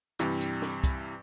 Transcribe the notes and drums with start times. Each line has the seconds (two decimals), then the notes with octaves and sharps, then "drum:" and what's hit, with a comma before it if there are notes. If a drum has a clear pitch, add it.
0.19 G2 C3 E3 G4, drum: hi-hat
0.41 drum: hi-hat
0.62 drum: snare
0.84 drum: kick, hi-hat